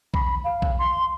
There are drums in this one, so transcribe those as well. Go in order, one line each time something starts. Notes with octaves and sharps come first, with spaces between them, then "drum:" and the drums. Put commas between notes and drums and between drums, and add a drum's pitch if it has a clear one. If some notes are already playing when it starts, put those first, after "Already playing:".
B5, drum: kick B1
F5
drum: kick B1
C6